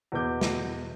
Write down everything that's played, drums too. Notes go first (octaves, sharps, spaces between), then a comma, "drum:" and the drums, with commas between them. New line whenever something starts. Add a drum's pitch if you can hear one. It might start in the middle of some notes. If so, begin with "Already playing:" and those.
E2 B2 E3 B3 D6 G6
drum: snare